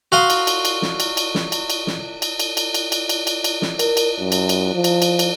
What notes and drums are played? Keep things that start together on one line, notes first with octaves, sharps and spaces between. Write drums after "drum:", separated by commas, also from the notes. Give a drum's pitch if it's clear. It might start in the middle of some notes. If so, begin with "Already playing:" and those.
F#4 F5 C6 D#6
drum: cymbal
drum: cymbal
drum: cymbal
drum: snare
drum: cymbal
drum: cymbal
drum: snare
drum: cymbal
drum: cymbal
drum: snare
drum: cymbal
drum: cymbal
drum: cymbal
drum: cymbal
drum: cymbal
drum: cymbal
drum: cymbal
drum: cymbal
drum: snare
A#4, drum: cymbal
drum: cymbal
F#2
drum: cymbal
drum: cymbal
F3
drum: cymbal
drum: cymbal
drum: cymbal